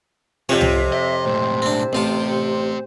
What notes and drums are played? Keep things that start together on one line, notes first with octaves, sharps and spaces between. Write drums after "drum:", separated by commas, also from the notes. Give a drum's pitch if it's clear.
F2 C3 F4 C#5
drum: tom C2
D#5 E5
B1 A2 C5
C4 D4
A1 C4 F4 G4 A5